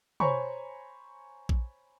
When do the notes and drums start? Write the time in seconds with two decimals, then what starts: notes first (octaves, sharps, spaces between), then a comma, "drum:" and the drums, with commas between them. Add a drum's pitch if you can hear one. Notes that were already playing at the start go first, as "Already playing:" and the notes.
0.20 C5 C#5 G#5 A#5 B5 C#6, drum: tom
1.49 drum: kick A#1